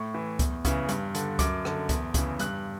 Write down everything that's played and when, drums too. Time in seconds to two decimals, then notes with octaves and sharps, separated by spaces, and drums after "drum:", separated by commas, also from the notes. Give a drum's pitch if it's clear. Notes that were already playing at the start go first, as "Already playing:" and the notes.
Already playing: A2 C#6
0.14 E3
0.39 E2, drum: kick C#2, hi-hat
0.65 C#3 E3, drum: kick C#2, hi-hat
0.89 G2, drum: hi-hat
1.15 D3, drum: hi-hat
1.39 F#2 D6, drum: kick C#2, hi-hat
1.65 D3, drum: rim click
1.89 E2, drum: kick C#2, hi-hat
2.14 C#3 E3, drum: kick C#2, hi-hat
2.39 G2 F#6, drum: hi-hat